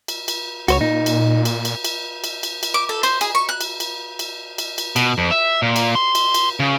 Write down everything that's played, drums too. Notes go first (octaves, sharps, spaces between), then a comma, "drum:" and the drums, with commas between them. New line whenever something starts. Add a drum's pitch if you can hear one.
drum: cymbal
drum: cymbal
C#2 F#4 C5 C#5, drum: cymbal
A#2 D#4
drum: cymbal
drum: cymbal
drum: cymbal
drum: cymbal
drum: cymbal
drum: cymbal
drum: cymbal
D6
A4
C5, drum: cymbal
G#4, drum: cymbal
C#6
F#6
drum: cymbal
drum: cymbal
drum: cymbal
drum: cymbal
drum: cymbal
B2, drum: cymbal
F2
E5
A#2
drum: cymbal
C6
drum: cymbal
drum: cymbal
C#3